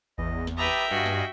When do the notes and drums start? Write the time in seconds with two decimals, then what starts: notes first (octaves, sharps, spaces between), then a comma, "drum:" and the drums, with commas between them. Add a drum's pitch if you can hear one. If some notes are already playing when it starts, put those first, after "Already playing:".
0.18 E2 D#5, drum: kick G#1
0.47 drum: snare
0.58 G4 B4 E5 G5 A5 A#5 D#6
0.91 G2 F#4 D#5 F5 G#5
1.06 drum: snare